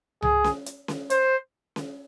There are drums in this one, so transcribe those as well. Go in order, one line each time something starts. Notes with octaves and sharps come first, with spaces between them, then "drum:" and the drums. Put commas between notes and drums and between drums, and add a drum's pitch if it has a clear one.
G#4, drum: tom C2
drum: snare C#4
drum: hi-hat
drum: snare C#4
C5, drum: hi-hat
drum: snare C#4